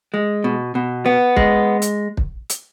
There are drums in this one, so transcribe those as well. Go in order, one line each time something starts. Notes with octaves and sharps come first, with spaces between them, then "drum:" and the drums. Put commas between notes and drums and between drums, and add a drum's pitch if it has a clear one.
G#3
B2
B2
B3
G#3, drum: kick
drum: hi-hat
drum: kick
drum: hi-hat